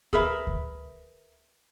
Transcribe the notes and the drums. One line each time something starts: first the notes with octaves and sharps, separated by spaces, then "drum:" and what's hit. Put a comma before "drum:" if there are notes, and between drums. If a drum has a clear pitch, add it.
G#4 A#4 B4 E5, drum: kick D2
drum: kick D2